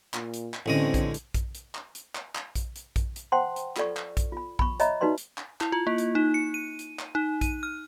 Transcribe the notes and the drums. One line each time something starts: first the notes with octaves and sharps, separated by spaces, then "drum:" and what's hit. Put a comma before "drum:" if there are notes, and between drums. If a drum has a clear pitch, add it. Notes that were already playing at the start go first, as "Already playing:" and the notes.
A#2, drum: clap
drum: hi-hat
drum: clap
A1 D3 G#3 C4 C#4 D#5
drum: kick A#1, hi-hat
drum: hi-hat
drum: kick A#1, hi-hat
drum: hi-hat
drum: clap
drum: hi-hat
drum: clap
drum: clap
drum: kick A#1, hi-hat
drum: hi-hat
drum: kick A#1, hi-hat
drum: hi-hat
C5 F#5 G5 A5 C6
drum: hi-hat
F4 A4 D5 C#6, drum: clap
drum: clap
drum: kick A#1, hi-hat
F4 B5
B5 C#6, drum: kick A#1
C#5 D#5 E5 A#5 B5, drum: hi-hat
D#4 F#4 B4 D5 C6
drum: hi-hat
drum: clap
E4, drum: clap
F4
A#3
drum: hi-hat
D#4
C#7
D#7
drum: hi-hat
drum: clap
D#4
D#7, drum: kick A#1, hi-hat
F6